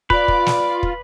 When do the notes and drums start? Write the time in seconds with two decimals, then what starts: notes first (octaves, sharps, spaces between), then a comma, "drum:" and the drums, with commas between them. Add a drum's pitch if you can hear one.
0.10 F4 B4 D5 B5, drum: kick
0.28 drum: kick
0.46 drum: snare
0.83 drum: kick